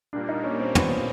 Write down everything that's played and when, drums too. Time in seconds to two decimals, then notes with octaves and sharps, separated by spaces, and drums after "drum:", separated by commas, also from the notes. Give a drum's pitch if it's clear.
0.13 A#2 G3 A#3 D4
0.29 D#4
0.44 C#4
0.60 C4
0.75 B3, drum: tom